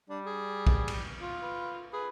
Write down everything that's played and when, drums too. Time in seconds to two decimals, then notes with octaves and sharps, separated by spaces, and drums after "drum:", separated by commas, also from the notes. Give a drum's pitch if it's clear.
0.09 G3 D4
0.26 G#4
0.67 drum: kick A#1
0.88 drum: cymbal
1.21 F4
1.42 B4
1.93 G#4 B4